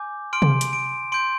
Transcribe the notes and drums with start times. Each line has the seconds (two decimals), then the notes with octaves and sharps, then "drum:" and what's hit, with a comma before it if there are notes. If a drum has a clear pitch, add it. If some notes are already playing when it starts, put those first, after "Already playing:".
Already playing: G#5 D6 G6
0.33 C6 F6 D7
0.42 drum: tom C3
0.61 drum: hi-hat
0.73 D7
1.12 C6 G6 D7